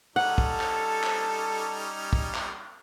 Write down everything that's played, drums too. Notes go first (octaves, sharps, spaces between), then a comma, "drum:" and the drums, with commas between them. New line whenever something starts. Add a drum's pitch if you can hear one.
G3 C#4 D#4 A4 F#5
drum: kick
drum: clap
drum: clap
drum: kick
drum: clap